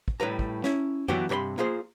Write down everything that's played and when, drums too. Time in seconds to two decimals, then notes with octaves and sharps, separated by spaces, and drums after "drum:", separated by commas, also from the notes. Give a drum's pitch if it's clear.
0.08 drum: kick
0.20 A2 G3 B4 A#5
0.39 drum: kick
0.64 C#4 E4, drum: snare
1.08 E3 F#3 B3 D4 F#4 G4, drum: tom F#2
1.29 G2 C3 C#5 B5 C6
1.58 A#3 F4 G#4 C5